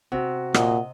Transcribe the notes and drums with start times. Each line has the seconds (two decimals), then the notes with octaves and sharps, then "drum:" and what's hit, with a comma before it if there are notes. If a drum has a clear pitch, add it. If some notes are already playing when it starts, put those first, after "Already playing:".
0.12 C3 F#4
0.54 A#2 D#5 F#5, drum: rim click